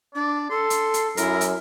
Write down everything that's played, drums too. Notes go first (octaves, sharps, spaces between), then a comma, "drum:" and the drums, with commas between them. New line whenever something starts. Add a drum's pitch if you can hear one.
D4 D5
A4 C6
drum: hi-hat
drum: hi-hat
F#2 E4 A#4, drum: hi-hat
drum: hi-hat